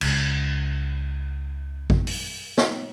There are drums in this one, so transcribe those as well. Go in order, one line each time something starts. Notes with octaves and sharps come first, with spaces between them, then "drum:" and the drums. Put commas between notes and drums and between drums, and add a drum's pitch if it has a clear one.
C#2 C#3, drum: cymbal
drum: kick G#1
drum: open hi-hat
drum: snare